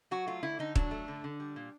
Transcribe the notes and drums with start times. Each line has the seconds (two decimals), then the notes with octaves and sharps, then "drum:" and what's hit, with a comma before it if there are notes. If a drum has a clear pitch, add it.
0.11 F#3 F#4
0.27 A3 F4
0.43 D3 E4
0.59 D3 D#4
0.76 F#3 D4, drum: kick
0.91 A3
1.08 D3
1.24 D3
1.40 G3
1.56 A#2